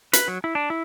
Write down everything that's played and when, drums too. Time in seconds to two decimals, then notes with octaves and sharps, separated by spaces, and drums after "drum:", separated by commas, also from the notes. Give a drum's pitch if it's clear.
0.13 B4, drum: hi-hat
0.28 F#3
0.44 E4
0.55 D4
0.70 E4